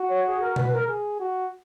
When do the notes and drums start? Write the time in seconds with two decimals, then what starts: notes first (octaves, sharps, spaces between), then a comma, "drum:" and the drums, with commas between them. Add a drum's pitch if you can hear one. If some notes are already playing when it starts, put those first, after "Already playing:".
Already playing: F#4
0.08 C#5
0.25 G#4
0.40 A#4
0.56 B4, drum: tom B2
0.73 A#4
0.88 G#4
1.20 F#4